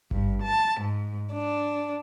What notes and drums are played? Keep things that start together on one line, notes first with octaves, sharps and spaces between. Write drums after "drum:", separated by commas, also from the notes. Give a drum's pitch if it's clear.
G2, drum: kick G#1
A5
G#2
D4